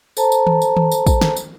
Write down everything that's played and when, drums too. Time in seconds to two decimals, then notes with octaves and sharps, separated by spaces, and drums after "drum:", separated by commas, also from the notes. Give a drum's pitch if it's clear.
0.17 A4 C5 A5 A#5, drum: tambourine
0.32 drum: tambourine
0.47 drum: tom D#3
0.62 drum: tambourine
0.77 drum: tom D#3
0.92 drum: tambourine
1.07 drum: kick, tambourine
1.22 drum: snare
1.36 drum: tambourine